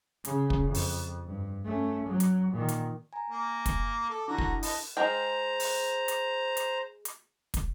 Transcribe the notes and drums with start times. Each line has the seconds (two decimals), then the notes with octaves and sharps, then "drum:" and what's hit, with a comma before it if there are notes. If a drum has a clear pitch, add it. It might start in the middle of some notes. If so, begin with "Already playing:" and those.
0.25 C#3, drum: hi-hat
0.50 drum: kick
0.65 F2
0.74 drum: open hi-hat
1.27 G2
1.65 A3 C#4
2.08 F#3
2.20 drum: hi-hat
2.52 A#2 D#3
2.69 drum: hi-hat
3.13 G#5 A#5
3.30 A#3
3.66 drum: kick, hi-hat
4.09 A4 D6
4.28 D3 D4 E4 F#4 A#5
4.38 drum: kick
4.63 D#5 A5 B5, drum: open hi-hat
4.97 G#3 A#4 C5 G5 A#5
5.60 drum: open hi-hat
6.08 drum: hi-hat
6.57 drum: hi-hat
7.05 drum: hi-hat
7.54 drum: kick, hi-hat